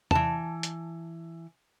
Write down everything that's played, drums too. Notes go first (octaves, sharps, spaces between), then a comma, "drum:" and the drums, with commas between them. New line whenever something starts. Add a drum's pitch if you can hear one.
E3 A5, drum: tom
drum: hi-hat